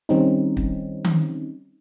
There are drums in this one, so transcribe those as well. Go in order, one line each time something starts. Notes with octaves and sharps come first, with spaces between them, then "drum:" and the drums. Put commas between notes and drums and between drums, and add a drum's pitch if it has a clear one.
D#3 G3 C4 C#4 D#4
drum: kick
drum: tom D#3